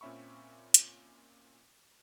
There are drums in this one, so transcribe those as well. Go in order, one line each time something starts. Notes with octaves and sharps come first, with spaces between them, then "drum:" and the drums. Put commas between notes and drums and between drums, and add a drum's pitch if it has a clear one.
A#2 C4 C#4 E5 B5 C#6
drum: hi-hat